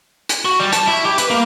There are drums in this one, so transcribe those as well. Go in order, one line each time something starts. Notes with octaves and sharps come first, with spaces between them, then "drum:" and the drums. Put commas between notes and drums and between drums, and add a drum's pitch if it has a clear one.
drum: hi-hat
F#4
G3
A5, drum: hi-hat
E4
G4
B4, drum: hi-hat
A#3